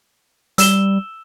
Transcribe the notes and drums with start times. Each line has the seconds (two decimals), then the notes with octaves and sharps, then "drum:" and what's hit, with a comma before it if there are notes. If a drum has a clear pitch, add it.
0.58 G3 E6 E7 G7, drum: hi-hat